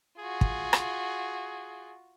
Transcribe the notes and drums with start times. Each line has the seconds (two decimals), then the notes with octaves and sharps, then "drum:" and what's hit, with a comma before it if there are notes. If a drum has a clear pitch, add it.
0.19 F4 F#4 G#4
0.41 drum: kick
0.73 drum: rim click